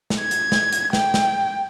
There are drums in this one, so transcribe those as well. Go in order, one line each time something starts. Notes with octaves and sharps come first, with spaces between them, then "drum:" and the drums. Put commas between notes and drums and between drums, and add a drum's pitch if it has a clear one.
drum: snare
G#6
drum: hi-hat
drum: snare
drum: hi-hat
G5, drum: snare
drum: snare